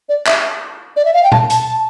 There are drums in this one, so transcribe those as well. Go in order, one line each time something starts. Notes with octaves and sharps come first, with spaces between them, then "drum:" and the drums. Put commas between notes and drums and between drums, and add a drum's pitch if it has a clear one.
D5
E5, drum: clap
D5
E5
F5
G5
A5, drum: tom A#2
A5, drum: hi-hat